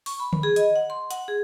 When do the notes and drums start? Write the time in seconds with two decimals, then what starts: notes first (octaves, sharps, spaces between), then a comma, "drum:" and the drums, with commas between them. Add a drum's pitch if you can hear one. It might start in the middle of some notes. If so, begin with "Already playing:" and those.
0.06 C#6, drum: open hi-hat
0.19 B5
0.33 drum: tom D3
0.43 G#4
0.56 D#5, drum: hi-hat
0.76 F#5
0.90 C6
1.11 F#5, drum: hi-hat
1.28 G#4